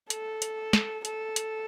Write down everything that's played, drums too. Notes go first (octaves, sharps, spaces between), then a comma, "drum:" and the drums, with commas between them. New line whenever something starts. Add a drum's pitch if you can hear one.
A4, drum: hi-hat
drum: hi-hat
drum: snare
A4, drum: hi-hat
drum: hi-hat